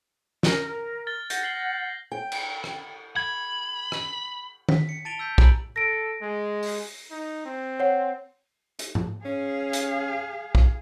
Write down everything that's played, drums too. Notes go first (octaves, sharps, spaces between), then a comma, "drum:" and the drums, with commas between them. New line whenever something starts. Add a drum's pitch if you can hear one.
A#4, drum: snare
A#4
F6 A6 G7
F#5 G6 A#6, drum: hi-hat
C7 F#7 G7
G5
drum: cymbal
drum: rim click
B5 G#6
drum: rim click
B6, drum: tom D#3
C#7
A5 A6 D7 D#7 F7 G7
E6 G6 B6
G#5 A#5 B5 D7 F#7, drum: kick
A4 A#6 D7
G#3
drum: open hi-hat
D#4
C4
C#5 F#5
drum: hi-hat
drum: tom G#2
C#4 G#4 F5
drum: hi-hat
drum: kick